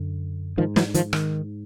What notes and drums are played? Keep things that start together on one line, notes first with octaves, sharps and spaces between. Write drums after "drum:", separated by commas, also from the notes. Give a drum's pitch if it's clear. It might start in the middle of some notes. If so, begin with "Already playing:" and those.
Already playing: F#2 D3
G#2 D#3 F3
E3 F#3, drum: snare
D#3 F3, drum: hi-hat
D#3, drum: rim click